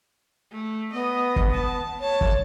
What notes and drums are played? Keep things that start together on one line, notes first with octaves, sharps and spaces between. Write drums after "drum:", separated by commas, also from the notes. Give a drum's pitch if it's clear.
A3
B3 D#5
drum: kick
A5
C#5 A5
drum: kick